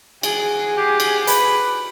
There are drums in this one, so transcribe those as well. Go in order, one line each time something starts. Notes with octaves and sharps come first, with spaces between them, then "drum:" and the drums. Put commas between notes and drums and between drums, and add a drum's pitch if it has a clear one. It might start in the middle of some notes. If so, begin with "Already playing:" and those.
F#4 G#4, drum: cymbal
G4
drum: cymbal
B4, drum: hi-hat